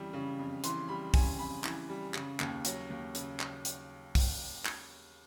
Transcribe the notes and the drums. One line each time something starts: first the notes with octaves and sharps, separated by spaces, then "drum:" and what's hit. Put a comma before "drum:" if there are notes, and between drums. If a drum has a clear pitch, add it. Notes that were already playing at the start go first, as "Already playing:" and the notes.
Already playing: F2 C#3 E3 G3
C#3
F2
E3 C6, drum: hi-hat
G3 B5
C#3 G#5, drum: kick, open hi-hat
F2 B5
E3, drum: clap
G3
C#3, drum: clap
D#2, drum: clap
F#3, drum: hi-hat
D#2
C#3, drum: hi-hat
drum: clap
drum: hi-hat
drum: kick, open hi-hat
drum: clap